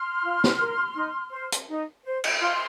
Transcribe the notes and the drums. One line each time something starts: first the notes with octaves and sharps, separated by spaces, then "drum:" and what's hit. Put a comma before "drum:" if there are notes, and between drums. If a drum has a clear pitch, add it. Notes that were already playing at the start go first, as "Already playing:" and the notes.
Already playing: C6 F6
F4
drum: snare
A#4
D#4
C5
drum: hi-hat
D#4
C5
drum: cymbal
F4 C6 F6